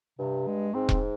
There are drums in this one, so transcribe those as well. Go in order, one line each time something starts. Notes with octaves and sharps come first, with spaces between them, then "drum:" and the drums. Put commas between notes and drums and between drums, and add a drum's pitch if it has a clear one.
G2 C3
G#3
G#2 C4
drum: kick E1